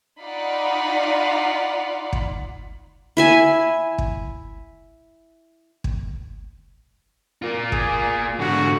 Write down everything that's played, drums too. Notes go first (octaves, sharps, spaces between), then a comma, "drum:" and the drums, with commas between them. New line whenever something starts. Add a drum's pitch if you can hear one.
D#4 F4 D5 F5 F#5 B5
drum: kick
E4 E5 G#5
drum: kick
drum: kick
A#3 F4
G#4, drum: kick
G#2 D3 F#4